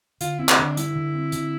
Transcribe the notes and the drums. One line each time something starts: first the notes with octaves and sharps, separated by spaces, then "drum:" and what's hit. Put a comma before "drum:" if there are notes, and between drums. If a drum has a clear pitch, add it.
D3 F4, drum: hi-hat
C4 E4
drum: clap
D3 D4
G3 E4, drum: hi-hat
D3
C4
D3, drum: hi-hat